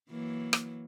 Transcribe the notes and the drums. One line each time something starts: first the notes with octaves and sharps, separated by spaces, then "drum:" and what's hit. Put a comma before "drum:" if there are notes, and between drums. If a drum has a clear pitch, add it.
E3 F#3 A#3
drum: rim click